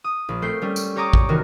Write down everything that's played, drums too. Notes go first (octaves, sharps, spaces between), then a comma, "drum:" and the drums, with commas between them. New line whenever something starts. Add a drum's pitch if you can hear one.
D#6
A#1
A3 C4 G6 C7
G3 A3 C#4
drum: tambourine
G4 C#5 A#5 D6 D#6
drum: kick A1
C3 D#3 E3 F#4 A#4